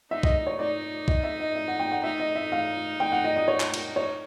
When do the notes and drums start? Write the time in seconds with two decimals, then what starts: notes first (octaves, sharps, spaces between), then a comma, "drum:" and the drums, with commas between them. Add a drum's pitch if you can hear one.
0.11 D#4 E5
0.23 D#5, drum: kick
0.47 C#5
0.59 D#4 D5
1.08 D#5, drum: kick
1.24 E5
1.40 D#5
1.55 E5
1.68 F#5
1.79 G5
1.91 F#5
2.04 D#4 E5
2.20 D#5
2.36 E5
2.52 F5
3.00 G5
3.12 F#5
3.24 D#5
3.36 D#5
3.48 C#5
3.60 drum: clap
3.74 drum: cymbal
3.96 C#5